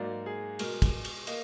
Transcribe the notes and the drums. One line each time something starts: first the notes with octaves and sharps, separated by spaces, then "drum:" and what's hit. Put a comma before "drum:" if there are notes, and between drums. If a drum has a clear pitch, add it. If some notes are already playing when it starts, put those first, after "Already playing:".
Already playing: G#2 F#3 A#3 D5
G#4
B2 G#3 A#4, drum: cymbal
drum: kick, cymbal
drum: cymbal
A#3 D#5, drum: cymbal